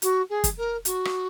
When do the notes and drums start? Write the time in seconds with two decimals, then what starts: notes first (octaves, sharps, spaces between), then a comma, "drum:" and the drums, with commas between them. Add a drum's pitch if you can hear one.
0.02 F#4, drum: hi-hat
0.29 G#4
0.44 drum: kick, hi-hat
0.57 A#4
0.85 F#4, drum: hi-hat
1.05 drum: rim click